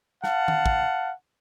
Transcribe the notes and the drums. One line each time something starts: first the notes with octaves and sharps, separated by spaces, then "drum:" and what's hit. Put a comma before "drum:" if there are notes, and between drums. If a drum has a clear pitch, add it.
F5 F#5 A5, drum: snare
drum: tom D#3
drum: kick